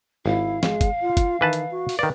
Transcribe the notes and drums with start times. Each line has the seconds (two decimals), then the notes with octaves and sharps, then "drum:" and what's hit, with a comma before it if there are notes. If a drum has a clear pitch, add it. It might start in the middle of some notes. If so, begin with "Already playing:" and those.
0.26 G#1 E4 F5
0.63 G#3, drum: snare
0.81 drum: kick, hi-hat
1.02 F4
1.17 drum: kick, hi-hat
1.41 D#3 E3 B4 A5
1.53 drum: hi-hat
1.71 F#4
1.89 drum: open hi-hat
1.99 D#3 B4 D5